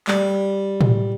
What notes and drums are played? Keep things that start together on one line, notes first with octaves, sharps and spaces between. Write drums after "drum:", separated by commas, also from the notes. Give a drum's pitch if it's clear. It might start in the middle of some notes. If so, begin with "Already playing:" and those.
G3, drum: clap
drum: tom A2